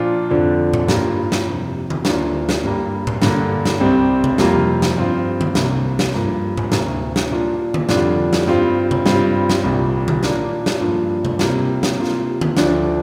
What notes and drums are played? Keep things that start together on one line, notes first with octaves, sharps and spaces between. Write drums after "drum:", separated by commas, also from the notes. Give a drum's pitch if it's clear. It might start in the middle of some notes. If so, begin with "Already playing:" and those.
Already playing: A#2 F3 D4 F4
F2 D3 F3 D4
drum: tom A2
G2 G3 A#3 F4, drum: snare
drum: snare
F2 C3 A#3
drum: tom D3
D2 D3 A#3 D4 F4, drum: snare
drum: snare
G2 G3 A#3
drum: tom A2
G2 D3 A#3, drum: snare
drum: snare
C2 C3 G3 C4
drum: tom C3
F2 C3 G3 A#3 F4, drum: snare
drum: snare
G2 F3 C4 F4
drum: tom D3
C2 C3 A#3, drum: snare
drum: snare
G2 F3 A#3
drum: tom A2
D2 C3 A#3, drum: snare
drum: snare
A#2 A#3 D4 F4
drum: tom D3
F2 D3 G3 D4 F4, drum: snare
drum: snare
G2 G3 C4 F4
drum: tom C3
G2 G3 C4 F4, drum: snare
drum: snare
C2 A#2 G3
drum: tom D3
A#2 A#3 D4, drum: snare
drum: snare
G2 F3 A#3 D4 F4
drum: tom C3
C3 G3 A#3 F4, drum: snare
drum: snare
C3 A#3 F4
drum: tom D3
D2 D3 F3 D4, drum: snare